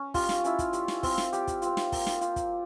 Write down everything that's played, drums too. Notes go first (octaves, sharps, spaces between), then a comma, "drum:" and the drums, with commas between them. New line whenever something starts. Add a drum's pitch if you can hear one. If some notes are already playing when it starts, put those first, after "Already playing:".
Already playing: C#4
G3 F4, drum: kick, open hi-hat
drum: snare
C#4 E4, drum: hi-hat
drum: kick, hi-hat
G3, drum: hi-hat
drum: snare
C4 F4, drum: kick, open hi-hat
drum: snare
G3 G4, drum: hi-hat
drum: kick, hi-hat
C4 F4, drum: hi-hat
drum: snare
A#3, drum: kick, open hi-hat
drum: snare
F4, drum: hi-hat
drum: kick, hi-hat